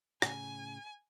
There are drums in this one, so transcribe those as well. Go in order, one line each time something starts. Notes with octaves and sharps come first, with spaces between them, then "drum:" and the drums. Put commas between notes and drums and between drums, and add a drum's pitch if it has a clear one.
A2 C#3 G#5, drum: rim click